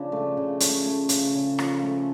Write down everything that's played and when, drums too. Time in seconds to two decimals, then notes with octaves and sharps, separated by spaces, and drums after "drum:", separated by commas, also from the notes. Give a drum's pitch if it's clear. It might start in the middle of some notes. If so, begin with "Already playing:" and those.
Already playing: C#3 F3 D4
0.12 A3
0.37 C#3
0.60 A3 C#4, drum: hi-hat
0.86 A3
1.09 C#3, drum: hi-hat
1.34 C#3
1.59 F3, drum: rim click
1.82 A3